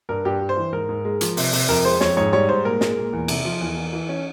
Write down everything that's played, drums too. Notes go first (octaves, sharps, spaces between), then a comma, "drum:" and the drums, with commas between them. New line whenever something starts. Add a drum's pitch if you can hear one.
G2 A#4
G2 G4
G2
C5
E3
G#2 A#4
G#2
G#3
F3, drum: hi-hat
C3, drum: open hi-hat
C3, drum: open hi-hat
F2 A#4
G#3 C5
F2 C#5, drum: snare
G#2 C#5
G3 C#5
G#2 C5
A#2 A#4
G#3, drum: snare
A#2
E2
C3, drum: cymbal
F3
E2
E3
E3
C#4